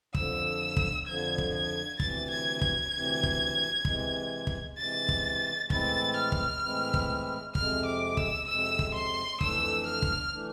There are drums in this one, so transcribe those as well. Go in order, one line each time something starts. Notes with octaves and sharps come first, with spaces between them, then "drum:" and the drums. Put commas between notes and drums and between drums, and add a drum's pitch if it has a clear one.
F2 D3 F3 E6, drum: kick
drum: kick
F2 D3 F3 G#6
drum: kick
G#6
D2 C3 E3 A6, drum: kick
G#6
G#6, drum: kick
D2 C3 E3
drum: kick
C3 E3 G#3, drum: kick
drum: kick
C3 E3 G#3 A6
drum: kick
A2 E3 G#3 C4 E4 A6, drum: kick
F6
drum: kick
A2 E3 G#3 C4 E4
drum: kick
F2 C3 G#3 F6, drum: kick
D6
E6, drum: kick
F2 C3 G#3 E6
drum: kick
C6
F2 E3 A3 D4 E6, drum: kick
F6
drum: kick
E3 A3 D4